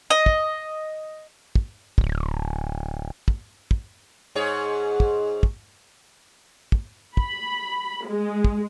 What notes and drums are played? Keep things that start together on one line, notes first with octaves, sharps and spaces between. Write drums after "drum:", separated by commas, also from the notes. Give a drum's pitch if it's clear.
D#5
drum: kick
drum: kick
D1, drum: kick
drum: kick
drum: kick
G#2 G#4 C#5
drum: kick
drum: kick
drum: kick
B5, drum: kick
G#3
drum: kick